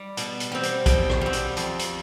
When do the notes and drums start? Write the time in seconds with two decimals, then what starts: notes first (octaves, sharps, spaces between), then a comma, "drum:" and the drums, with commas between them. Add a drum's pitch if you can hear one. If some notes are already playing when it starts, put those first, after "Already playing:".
Already playing: G3
0.17 B2, drum: hi-hat
0.40 drum: hi-hat
0.52 G3 C4
0.63 drum: hi-hat
0.86 B2 G5, drum: kick A1, hi-hat
1.10 drum: rim click
1.21 G3 C4
1.33 drum: hi-hat
1.57 F2, drum: hi-hat
1.79 drum: hi-hat